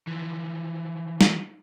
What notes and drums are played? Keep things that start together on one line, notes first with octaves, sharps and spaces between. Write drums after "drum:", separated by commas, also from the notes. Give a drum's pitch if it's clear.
E3 F3
drum: snare